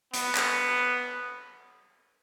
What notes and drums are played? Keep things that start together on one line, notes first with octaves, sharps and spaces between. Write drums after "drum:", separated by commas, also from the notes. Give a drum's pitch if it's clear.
B3, drum: hi-hat
drum: clap